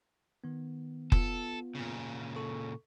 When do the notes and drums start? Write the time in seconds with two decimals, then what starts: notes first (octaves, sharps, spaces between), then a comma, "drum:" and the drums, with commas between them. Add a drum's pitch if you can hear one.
0.44 D#3 B3
1.12 B3 F4 A4, drum: kick F1
1.75 A#2 C#3
2.36 A4 C#6